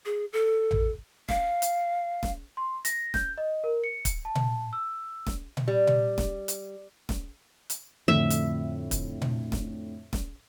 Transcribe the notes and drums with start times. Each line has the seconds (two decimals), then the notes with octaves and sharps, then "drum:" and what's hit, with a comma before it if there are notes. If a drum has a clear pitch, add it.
0.06 G#4
0.33 A4
0.71 drum: tom A1
1.29 F5, drum: snare
1.62 drum: hi-hat
2.23 drum: snare
2.57 C6
2.85 A#6, drum: hi-hat
3.14 G6, drum: snare
3.38 D#5
3.64 A#4
3.84 C#7
4.05 drum: kick, hi-hat
4.25 A5
4.35 drum: tom A#2
4.73 E6
5.27 drum: snare
5.57 drum: tom A#2
5.68 G3
5.87 drum: tom A#2
6.18 drum: snare
6.48 drum: hi-hat
7.09 drum: snare
7.70 drum: hi-hat
8.08 F2 A2 D3 E5
8.30 drum: hi-hat
8.91 drum: kick, hi-hat
9.22 drum: tom A#2
9.52 drum: snare
10.13 drum: snare